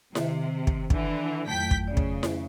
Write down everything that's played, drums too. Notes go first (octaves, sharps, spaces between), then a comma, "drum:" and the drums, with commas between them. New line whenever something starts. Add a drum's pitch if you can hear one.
C3 D#3 E5, drum: snare E4
drum: kick
D3 E3, drum: kick
F2 A2 F#3 A3 G5 B6
drum: kick
C#3 D5
drum: kick
drum: snare E4